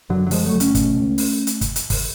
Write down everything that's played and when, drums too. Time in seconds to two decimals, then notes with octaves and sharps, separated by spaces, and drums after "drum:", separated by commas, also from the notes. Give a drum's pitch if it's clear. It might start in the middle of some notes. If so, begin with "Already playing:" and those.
0.10 F#2 D3 F#3
0.27 F#3
0.31 D3 F3 G#3, drum: open hi-hat
0.46 F#3 A3
0.53 F#1
0.60 A3 C#4, drum: hi-hat
0.75 B2, drum: kick, hi-hat
0.97 C#2
1.18 drum: open hi-hat
1.47 drum: hi-hat
1.61 drum: kick, hi-hat
1.76 drum: hi-hat
1.90 drum: kick, open hi-hat